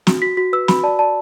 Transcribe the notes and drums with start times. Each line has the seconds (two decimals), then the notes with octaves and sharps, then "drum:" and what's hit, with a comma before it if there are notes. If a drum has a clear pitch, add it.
0.07 F#4, drum: snare
0.22 F#4 B6
0.37 F#4 B6
0.53 B4 E6
0.68 F#4 B5, drum: snare
0.83 D5 A5
0.99 D5 A5